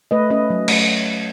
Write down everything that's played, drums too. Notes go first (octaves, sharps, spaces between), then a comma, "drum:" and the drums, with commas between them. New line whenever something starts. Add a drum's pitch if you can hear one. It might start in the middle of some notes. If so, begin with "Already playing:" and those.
A3 B4 D#5
C#4 B4 D#5
F#3
A3, drum: cymbal